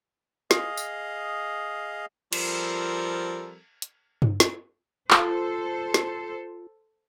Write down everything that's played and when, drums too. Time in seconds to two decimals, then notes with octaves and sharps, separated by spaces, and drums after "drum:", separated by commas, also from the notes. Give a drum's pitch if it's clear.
0.51 G#4 D#5 F5, drum: snare
0.77 drum: tambourine
2.33 F3 G3 C4 A4 A#4, drum: cymbal
3.82 drum: hi-hat
4.22 drum: tom G2
4.40 drum: snare
5.11 F4 A4 C5, drum: clap
5.94 drum: snare